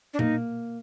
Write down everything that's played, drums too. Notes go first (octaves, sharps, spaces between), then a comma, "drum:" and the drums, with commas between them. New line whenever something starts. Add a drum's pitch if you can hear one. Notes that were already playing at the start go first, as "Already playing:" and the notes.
D4
A#3 D#4, drum: tom A#2